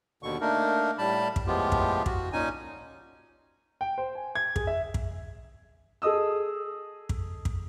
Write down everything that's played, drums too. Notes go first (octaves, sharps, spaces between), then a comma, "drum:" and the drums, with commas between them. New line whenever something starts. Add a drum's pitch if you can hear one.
D#2 B2 D3 C#6
A3 A#3 D4 D#4 A#4
A2 G3 A5 B5
drum: kick
A2 F3 G#3 B3 F4 G4
drum: kick
F#4, drum: kick
A#2 C#4 D#4 G#5
G5
C5
G#5
G#6
G#4, drum: kick
E5
drum: kick
G#4 A4 D#5 D#6 E6
drum: kick
drum: kick